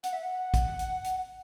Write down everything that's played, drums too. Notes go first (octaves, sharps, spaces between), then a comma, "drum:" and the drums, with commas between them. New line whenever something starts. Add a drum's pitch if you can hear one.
F#5, drum: hi-hat
E5
F#5
drum: kick, hi-hat
drum: hi-hat
drum: hi-hat